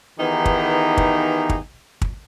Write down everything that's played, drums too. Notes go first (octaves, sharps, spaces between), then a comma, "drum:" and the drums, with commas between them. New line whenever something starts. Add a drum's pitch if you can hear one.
D#3 E3 B3 D#4 G4 G#4
drum: kick
drum: kick
drum: kick
drum: kick